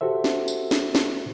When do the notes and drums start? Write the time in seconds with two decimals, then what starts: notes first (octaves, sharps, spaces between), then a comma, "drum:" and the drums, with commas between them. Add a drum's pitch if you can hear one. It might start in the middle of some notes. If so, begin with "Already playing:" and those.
0.01 F#4 G4 A4 C5 E5
0.24 drum: snare
0.48 drum: tambourine
0.71 drum: snare
0.95 drum: snare